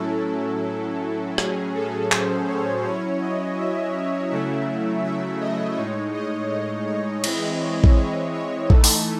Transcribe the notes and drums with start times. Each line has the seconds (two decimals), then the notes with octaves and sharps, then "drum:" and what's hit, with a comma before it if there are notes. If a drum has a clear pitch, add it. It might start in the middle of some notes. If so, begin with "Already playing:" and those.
Already playing: A2 F#3 C#4 E4 A4
1.38 A2 F#3 C#4 G#4, drum: rim click
1.75 A4
2.12 C5, drum: clap
2.47 C#5
2.84 F#3 C#4 E4 C#5
3.22 D#5
3.57 E5
4.31 C#3 F#3 A3 C#4 E4 E5
5.04 E5
5.41 D#5
5.77 A2 G#3 D#4 C#5
6.13 D#5
6.51 D#5
6.87 C#5
7.24 E3 G#3 C4 E4 D#5, drum: cymbal
7.60 C#5
7.84 drum: kick
7.96 C#5
8.34 C#5
8.70 E3 A3 D#4 A4, drum: kick
8.84 drum: open hi-hat